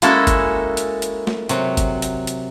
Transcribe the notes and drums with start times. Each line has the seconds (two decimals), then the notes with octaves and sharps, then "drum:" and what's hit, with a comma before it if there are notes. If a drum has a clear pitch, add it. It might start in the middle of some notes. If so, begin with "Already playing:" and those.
0.02 G#3 A#3 C#4 E4 F#4 A4, drum: hi-hat
0.27 drum: kick G1, hi-hat
0.77 drum: hi-hat
1.02 drum: hi-hat
1.27 drum: snare
1.49 C3 F#3, drum: hi-hat
1.77 drum: kick G1, hi-hat
2.02 drum: hi-hat
2.27 drum: hi-hat